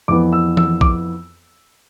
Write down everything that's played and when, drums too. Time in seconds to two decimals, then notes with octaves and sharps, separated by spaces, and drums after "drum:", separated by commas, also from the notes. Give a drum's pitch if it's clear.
0.08 F2 E3 B3 D6
0.32 E6
0.57 E6, drum: tom E3
0.81 D6, drum: kick A#1